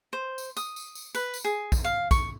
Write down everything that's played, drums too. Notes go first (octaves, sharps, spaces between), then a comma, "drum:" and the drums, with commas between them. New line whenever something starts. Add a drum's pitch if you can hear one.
C5
drum: tambourine
D#6, drum: tambourine
drum: tambourine
drum: tambourine
B4, drum: tambourine
drum: tambourine
G#4
drum: kick, tambourine
F5
C#6, drum: kick, tambourine